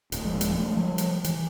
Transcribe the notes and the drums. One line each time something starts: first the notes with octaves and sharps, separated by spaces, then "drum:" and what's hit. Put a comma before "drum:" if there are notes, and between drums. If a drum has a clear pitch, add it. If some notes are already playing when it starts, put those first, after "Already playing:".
D1, drum: hi-hat
D#1 F3 G#3
drum: hi-hat
F3 G#3 A3
F3 G3
drum: hi-hat
E3, drum: hi-hat